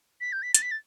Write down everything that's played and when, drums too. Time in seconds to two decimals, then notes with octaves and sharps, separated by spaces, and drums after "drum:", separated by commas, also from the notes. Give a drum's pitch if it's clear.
0.21 B6
0.32 G6
0.42 B6
0.55 A6, drum: hi-hat
0.62 B6
0.71 A6